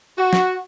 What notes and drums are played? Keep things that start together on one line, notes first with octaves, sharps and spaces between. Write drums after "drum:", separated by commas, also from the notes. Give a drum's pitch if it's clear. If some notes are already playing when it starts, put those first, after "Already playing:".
F#4
drum: snare